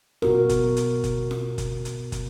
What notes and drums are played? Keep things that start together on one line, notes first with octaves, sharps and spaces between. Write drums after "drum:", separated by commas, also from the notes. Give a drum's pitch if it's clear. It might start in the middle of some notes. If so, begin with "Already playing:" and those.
B2 F#4 A#4, drum: snare F4
drum: kick, hi-hat
drum: hi-hat
drum: kick, hi-hat
drum: snare F4
drum: kick, hi-hat
drum: hi-hat
drum: kick, hi-hat